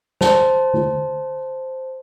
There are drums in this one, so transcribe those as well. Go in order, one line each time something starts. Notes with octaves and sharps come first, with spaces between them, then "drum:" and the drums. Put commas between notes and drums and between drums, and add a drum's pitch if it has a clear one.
C5 A5, drum: snare
drum: tom